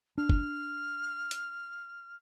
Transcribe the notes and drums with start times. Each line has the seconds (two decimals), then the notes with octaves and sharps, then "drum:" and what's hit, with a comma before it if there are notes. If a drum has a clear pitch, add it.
0.18 D4 F6
0.29 drum: kick F#1
1.31 drum: hi-hat